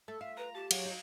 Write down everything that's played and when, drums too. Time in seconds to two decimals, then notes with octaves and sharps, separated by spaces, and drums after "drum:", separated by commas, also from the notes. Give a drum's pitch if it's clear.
0.08 A3 A4
0.21 F4 E5
0.37 B4 A#5
0.55 G4 A5
0.71 F#3 F4 G#4, drum: cymbal
0.85 D#4